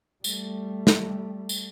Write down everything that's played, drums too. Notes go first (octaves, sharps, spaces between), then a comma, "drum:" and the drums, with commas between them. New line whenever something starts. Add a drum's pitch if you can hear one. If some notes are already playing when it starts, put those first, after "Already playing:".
G3 A3, drum: tambourine
drum: snare
drum: tambourine